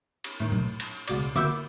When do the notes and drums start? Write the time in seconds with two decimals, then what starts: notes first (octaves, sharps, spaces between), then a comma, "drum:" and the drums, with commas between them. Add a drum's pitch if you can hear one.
0.24 drum: cymbal
0.40 A2 D#3
0.52 drum: tom A#2
0.80 drum: cymbal
1.08 C#2 B2 D5, drum: cymbal
1.36 A#3 E4 F#4 D6 E6 G6, drum: tom